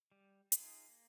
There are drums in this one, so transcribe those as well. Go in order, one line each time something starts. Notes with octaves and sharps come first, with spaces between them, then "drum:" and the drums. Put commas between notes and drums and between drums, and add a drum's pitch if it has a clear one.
G3
D#4 F4 G#4, drum: hi-hat
A#3